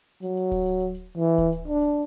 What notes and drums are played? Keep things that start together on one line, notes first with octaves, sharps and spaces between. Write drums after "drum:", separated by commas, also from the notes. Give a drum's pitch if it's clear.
F#3, drum: hi-hat
drum: hi-hat
drum: kick D1, open hi-hat
drum: hi-hat
drum: hi-hat
drum: hi-hat
E3
drum: kick D1, hi-hat
drum: hi-hat
D4
drum: hi-hat